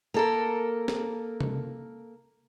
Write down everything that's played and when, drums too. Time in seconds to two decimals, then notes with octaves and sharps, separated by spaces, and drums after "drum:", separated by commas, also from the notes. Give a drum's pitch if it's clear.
0.14 A#3 A4 A#4
0.88 drum: snare
1.41 drum: tom C3